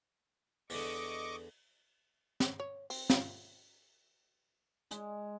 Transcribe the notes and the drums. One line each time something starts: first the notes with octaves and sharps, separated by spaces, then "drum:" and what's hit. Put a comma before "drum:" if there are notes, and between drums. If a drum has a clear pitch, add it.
E2 D3 D#5 C#6 D6, drum: open hi-hat
drum: snare
C#5
C4, drum: open hi-hat
F4, drum: snare
G#3, drum: hi-hat